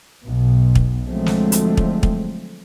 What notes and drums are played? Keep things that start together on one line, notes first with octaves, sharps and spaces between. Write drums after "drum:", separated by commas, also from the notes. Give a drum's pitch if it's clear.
B1 B2
drum: kick
D3 F3 F#3 G#3 A3 C4
drum: snare
drum: hi-hat
drum: kick
drum: kick